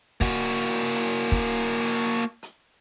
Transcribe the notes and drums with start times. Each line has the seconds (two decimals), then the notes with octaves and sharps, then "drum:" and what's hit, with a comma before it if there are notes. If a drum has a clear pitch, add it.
0.21 A#3 F#4, drum: kick, hi-hat
0.95 drum: hi-hat
1.32 drum: kick
2.43 drum: hi-hat